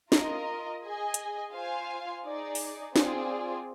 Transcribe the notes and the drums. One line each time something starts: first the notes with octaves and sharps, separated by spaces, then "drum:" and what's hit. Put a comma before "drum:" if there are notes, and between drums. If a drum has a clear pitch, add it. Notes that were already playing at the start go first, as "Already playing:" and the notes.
F4 A#4 D#5, drum: snare
G#4 D#5 G#5
drum: hi-hat
F4 C5 F5 G#5
D#4 G#4 D5
drum: open hi-hat
C4 F4 G#4 D5, drum: snare